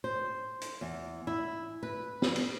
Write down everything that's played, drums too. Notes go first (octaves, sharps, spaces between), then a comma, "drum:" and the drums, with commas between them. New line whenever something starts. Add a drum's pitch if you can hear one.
C5
drum: hi-hat
E2
E4
B4
drum: snare
drum: cymbal